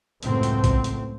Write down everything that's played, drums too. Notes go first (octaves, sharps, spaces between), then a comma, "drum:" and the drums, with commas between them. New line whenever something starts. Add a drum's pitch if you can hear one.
C#2 F#2 A2 C4, drum: hi-hat
drum: hi-hat
drum: kick A#1, hi-hat
drum: hi-hat